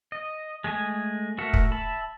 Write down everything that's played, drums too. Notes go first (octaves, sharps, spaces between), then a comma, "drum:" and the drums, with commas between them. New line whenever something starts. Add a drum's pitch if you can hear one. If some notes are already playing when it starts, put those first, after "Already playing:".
D#5
G#3 A3 G#5 D#6
A3 F#4 A#4 E5 F#5
drum: kick
E5 A5 B5